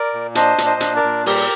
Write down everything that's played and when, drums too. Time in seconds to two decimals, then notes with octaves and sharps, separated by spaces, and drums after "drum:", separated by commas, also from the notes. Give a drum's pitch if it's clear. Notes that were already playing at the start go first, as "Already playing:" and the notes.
Already playing: A#4 D5
0.13 A#2
0.35 D4 C5 D#5, drum: hi-hat
0.58 A#2, drum: hi-hat
0.66 C5 D#5
0.80 D4, drum: hi-hat
0.96 A#4 D5
1.03 A#2
1.26 G3 G4 A#4, drum: open hi-hat